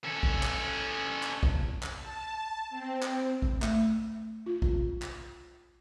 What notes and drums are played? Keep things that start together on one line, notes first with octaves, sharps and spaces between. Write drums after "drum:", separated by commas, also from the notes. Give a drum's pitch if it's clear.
C#4 A4
drum: kick A#1
drum: clap
drum: clap
drum: kick A#1
drum: clap
A5
C4
drum: clap
drum: kick A#1
A3, drum: clap
F4
drum: kick A#1
drum: clap